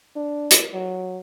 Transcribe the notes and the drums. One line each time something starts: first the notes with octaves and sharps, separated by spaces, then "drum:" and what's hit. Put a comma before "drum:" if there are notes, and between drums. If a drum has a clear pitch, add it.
D4
drum: hi-hat
F#3